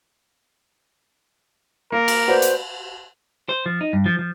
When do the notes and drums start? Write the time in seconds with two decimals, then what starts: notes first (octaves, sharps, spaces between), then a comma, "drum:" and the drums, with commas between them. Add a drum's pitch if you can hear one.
1.92 A#3 A#4
2.08 drum: cymbal
2.28 F#4 B4 C5 D5
2.42 drum: hi-hat
3.49 C5
3.66 F3
3.81 D#4
3.93 G2
4.06 F3
4.19 F3